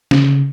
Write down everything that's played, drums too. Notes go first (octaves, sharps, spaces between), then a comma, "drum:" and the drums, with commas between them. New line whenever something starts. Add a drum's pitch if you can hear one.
C#3, drum: snare